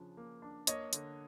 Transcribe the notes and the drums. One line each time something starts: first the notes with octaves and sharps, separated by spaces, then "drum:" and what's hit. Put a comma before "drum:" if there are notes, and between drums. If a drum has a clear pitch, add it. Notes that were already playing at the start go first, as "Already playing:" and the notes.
Already playing: C#3 F3 D4
A#3
D4
A#3 C#5 D#5, drum: hi-hat
D3, drum: hi-hat